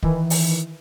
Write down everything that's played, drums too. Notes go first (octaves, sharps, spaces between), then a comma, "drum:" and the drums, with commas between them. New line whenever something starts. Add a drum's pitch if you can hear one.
D#3 E3, drum: kick
drum: open hi-hat